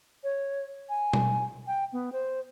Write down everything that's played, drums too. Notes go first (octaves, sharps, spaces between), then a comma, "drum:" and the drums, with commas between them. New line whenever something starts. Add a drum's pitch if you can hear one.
C#5
G#5
drum: tom
G5
B3
C5